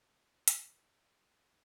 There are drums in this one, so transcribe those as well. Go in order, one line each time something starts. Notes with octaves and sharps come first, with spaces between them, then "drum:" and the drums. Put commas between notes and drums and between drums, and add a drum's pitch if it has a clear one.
C#4
E4, drum: hi-hat
F#4
F#4